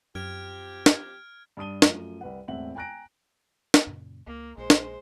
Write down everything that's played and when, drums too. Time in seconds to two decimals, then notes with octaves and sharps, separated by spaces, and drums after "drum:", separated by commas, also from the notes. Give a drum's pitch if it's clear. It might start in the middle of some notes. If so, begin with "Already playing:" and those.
0.15 F#2 F3 C4 G4 F6 G#6 D7
0.86 drum: snare
1.57 G2 A5 D#6 D#7 G7
1.82 F#2 F3 A3, drum: snare
2.21 C2 B4 F#5
2.48 E1 A2 C4 E5 F#5 F#7
2.75 G5 G#5 A#5 F#6 A#6 D7
3.74 drum: snare
3.87 F#2 A#2 C#3
4.27 C#2 A#3
4.58 A#1 G#3 C5
4.70 drum: snare